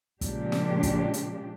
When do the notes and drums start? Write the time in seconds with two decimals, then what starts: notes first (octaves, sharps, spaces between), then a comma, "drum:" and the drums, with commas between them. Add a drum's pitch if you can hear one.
0.21 A#2 C#3 F3 G#3 D4 G4, drum: kick, hi-hat
0.52 drum: snare
0.83 drum: kick, hi-hat
1.14 drum: hi-hat